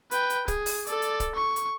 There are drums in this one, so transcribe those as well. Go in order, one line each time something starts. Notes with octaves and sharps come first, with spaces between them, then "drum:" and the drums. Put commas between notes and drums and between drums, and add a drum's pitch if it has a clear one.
B4 G5, drum: hi-hat
drum: hi-hat
G#4, drum: kick, hi-hat
drum: open hi-hat
A4 D5, drum: hi-hat
drum: hi-hat
drum: kick, hi-hat
C#6
drum: hi-hat